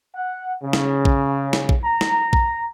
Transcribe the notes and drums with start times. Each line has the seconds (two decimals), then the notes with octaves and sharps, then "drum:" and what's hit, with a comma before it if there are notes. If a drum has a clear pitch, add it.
0.15 F#5
0.63 C#3
0.73 drum: snare
1.05 drum: kick
1.53 drum: snare
1.69 drum: kick
1.85 A#5
2.01 drum: snare
2.33 drum: kick